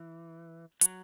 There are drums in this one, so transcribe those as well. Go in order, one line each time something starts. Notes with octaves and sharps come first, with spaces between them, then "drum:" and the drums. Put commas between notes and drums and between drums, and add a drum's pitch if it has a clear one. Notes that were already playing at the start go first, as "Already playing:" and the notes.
Already playing: E3
F#3, drum: hi-hat